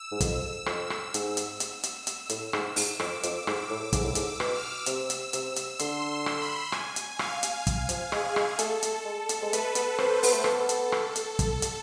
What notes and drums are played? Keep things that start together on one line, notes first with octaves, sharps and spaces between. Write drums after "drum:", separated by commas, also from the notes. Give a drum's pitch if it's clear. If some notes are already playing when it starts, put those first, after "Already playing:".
Already playing: E6
G#2
F2 E6, drum: kick, hi-hat
F2, drum: rim click
drum: rim click
G#2, drum: hi-hat
drum: hi-hat
drum: hi-hat
drum: hi-hat
drum: hi-hat
A2, drum: hi-hat
G#2, drum: rim click
G#2, drum: open hi-hat
F2 D6, drum: rim click
F2, drum: hi-hat
G#2, drum: rim click
A2
G#2 D6, drum: kick, hi-hat
A2
G#2, drum: hi-hat
D6
B2, drum: rim click
F6
C3 E6, drum: hi-hat
drum: hi-hat
C3 E6, drum: hi-hat
drum: hi-hat
D3 C6, drum: hi-hat
C6
drum: rim click
B5
G#5, drum: rim click
drum: hi-hat
F5, drum: rim click
drum: hi-hat
F5, drum: kick, hi-hat
F3, drum: hi-hat
G#3 G#4, drum: rim click
G#3, drum: rim click
A3 A4, drum: hi-hat
drum: hi-hat
G#3
drum: hi-hat
G#3
A3 B4, drum: hi-hat
B3, drum: hi-hat
C4 C5, drum: rim click
B3, drum: open hi-hat
A3
B3 A4, drum: rim click
drum: hi-hat
drum: rim click
drum: hi-hat
drum: kick, hi-hat
drum: hi-hat